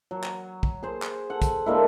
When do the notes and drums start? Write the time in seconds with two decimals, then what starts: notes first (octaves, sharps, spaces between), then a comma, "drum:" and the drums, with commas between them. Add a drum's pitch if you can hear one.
0.11 F#3
0.24 drum: clap
0.63 drum: kick
0.83 G#4 C5
1.02 drum: clap
1.30 A4 F#5
1.42 drum: kick, hi-hat
1.66 D3 G#3 A#3 E4